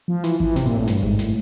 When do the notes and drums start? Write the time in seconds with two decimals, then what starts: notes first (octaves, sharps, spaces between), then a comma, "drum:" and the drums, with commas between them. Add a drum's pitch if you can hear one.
0.08 F3
0.24 E3, drum: snare
0.40 E3, drum: kick G#1, hi-hat
0.56 C3, drum: snare
0.66 A#2
0.77 A2
0.87 G2, drum: snare
1.03 G#2, drum: kick G#1, hi-hat
1.19 A2, drum: snare